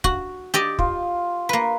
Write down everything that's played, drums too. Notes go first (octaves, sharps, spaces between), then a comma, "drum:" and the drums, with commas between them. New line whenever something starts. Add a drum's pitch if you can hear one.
F#4, drum: kick
G4 D5 D#5 E6
F4, drum: kick
A#3 B4